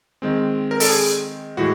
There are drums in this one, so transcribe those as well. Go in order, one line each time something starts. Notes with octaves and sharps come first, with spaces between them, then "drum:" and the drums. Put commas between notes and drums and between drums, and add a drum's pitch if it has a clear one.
D#3 G#3 C4
A#4
A4, drum: open hi-hat
G#4
A2 E3 G#3 F#4